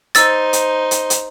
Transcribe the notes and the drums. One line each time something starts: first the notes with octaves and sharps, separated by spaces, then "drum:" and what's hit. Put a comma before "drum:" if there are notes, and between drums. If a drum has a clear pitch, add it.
D#4 C5 E6 A6, drum: hi-hat
drum: hi-hat
drum: hi-hat
drum: hi-hat